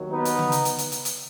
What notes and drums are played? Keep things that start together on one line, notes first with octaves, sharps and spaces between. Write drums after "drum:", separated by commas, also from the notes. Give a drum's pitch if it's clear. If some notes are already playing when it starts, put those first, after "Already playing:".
Already playing: D#2 D#3 F#3
B3 D#4
drum: hi-hat
drum: tom C#3
drum: hi-hat
drum: hi-hat
drum: hi-hat
drum: hi-hat
drum: hi-hat